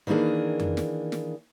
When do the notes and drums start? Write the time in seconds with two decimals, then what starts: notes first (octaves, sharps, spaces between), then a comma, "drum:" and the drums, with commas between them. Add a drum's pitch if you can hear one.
0.07 D#3 E3 A#3 D4 G#4
0.59 drum: tom F2
0.77 drum: snare
1.12 drum: snare